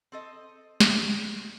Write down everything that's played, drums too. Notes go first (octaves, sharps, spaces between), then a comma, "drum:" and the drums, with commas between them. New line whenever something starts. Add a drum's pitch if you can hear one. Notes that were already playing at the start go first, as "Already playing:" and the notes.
C4 A4 D#5
drum: snare